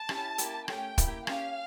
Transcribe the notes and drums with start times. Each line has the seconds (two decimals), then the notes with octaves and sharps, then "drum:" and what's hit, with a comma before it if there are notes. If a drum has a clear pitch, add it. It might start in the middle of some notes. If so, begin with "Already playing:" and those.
Already playing: A5
0.09 C#4 E4 G4, drum: rim click
0.38 A#3 E4 G4, drum: hi-hat
0.68 A3 C#4 G4 G5, drum: rim click
0.98 A#3 E4 G4, drum: kick, hi-hat
1.27 C#4 G4 F5, drum: rim click